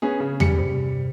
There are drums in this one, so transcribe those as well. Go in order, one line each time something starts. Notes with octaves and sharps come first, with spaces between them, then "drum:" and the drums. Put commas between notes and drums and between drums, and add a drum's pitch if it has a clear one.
B3 C#4 G#4
C#3
G3 C#7, drum: tom E2
G2 C3